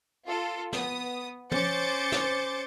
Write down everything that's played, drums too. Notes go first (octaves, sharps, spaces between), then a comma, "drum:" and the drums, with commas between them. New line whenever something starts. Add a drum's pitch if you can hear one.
F4 A4
B3 D#6, drum: snare
C#4 C5 D6 G6 A6 C#7, drum: tom
drum: snare